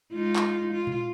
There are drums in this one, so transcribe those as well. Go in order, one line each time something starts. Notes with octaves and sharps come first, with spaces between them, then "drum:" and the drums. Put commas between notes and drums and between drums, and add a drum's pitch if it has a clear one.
G#3 D#4 F4
drum: clap
F4
drum: tom A#2